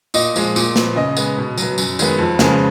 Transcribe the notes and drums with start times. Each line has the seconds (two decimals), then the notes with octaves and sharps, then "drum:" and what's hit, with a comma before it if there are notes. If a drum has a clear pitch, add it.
0.14 A#2 D#5, drum: tambourine
0.36 F3 G#3, drum: tambourine
0.56 A#2, drum: tambourine
0.76 F3 B3, drum: snare
0.96 C#3 D#5
1.16 G#3 B3, drum: tambourine
1.38 B2
1.58 F#3 B3, drum: tambourine
1.78 F#2, drum: tambourine
1.99 D#3 G#3 B3, drum: tambourine
2.19 F2
2.39 C#3 F3 G#3 B3, drum: snare